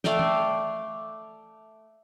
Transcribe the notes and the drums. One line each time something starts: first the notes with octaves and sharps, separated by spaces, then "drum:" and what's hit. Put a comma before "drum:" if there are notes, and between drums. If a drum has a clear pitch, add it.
A3 D5 F5 G5, drum: snare
drum: tom E3